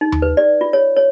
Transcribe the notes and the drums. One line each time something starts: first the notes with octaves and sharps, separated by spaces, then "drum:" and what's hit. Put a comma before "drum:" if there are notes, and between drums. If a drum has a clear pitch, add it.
D#4
drum: tom D#2
B4
D5
F4
C#5
C#5